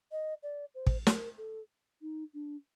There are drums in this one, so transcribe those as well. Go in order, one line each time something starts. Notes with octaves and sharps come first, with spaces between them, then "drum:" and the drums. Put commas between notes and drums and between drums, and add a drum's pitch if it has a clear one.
D#5
D5
C5
drum: kick
A#4, drum: snare
A4
D#4
D4